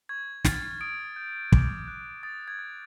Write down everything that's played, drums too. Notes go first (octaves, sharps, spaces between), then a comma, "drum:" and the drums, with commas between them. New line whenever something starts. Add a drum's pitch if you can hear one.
C#6 G#6
F6 A6, drum: snare
D#6 D7
G6
D6, drum: kick
F#6
D#6 A6
G#6
F#6